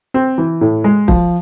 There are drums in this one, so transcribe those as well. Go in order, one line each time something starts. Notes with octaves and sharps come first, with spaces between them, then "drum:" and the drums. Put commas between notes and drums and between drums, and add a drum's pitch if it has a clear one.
C4
E3
A2
G#3
F3, drum: kick